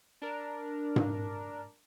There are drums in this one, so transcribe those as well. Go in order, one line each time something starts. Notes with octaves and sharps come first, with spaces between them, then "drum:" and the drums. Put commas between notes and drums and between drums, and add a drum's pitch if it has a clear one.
D4 A#4
drum: tom G#2